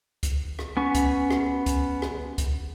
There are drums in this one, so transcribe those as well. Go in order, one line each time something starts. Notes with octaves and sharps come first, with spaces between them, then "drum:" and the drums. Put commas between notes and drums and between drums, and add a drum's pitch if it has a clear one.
drum: kick C#2, hi-hat
drum: rim click
B3 C#4 C#6
drum: kick C#2, hi-hat
drum: rim click
drum: kick C#2, hi-hat
drum: rim click
drum: kick C#2, hi-hat